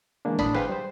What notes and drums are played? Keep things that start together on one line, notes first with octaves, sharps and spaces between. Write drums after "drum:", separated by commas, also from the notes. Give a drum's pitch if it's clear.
E3 G#3 A#3 D4
A2 D4 B5 D#6, drum: kick G1, hi-hat
G#4 B4 C5 F5 G5 C6, drum: snare
G3 C5